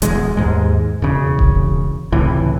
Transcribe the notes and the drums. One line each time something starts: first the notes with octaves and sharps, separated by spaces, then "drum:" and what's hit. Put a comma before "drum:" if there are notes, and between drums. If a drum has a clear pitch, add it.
D1 E2 G#3, drum: hi-hat
D#2 G#2 G#3
E1 C#3
drum: kick D#1
C#2 A2 C3 E3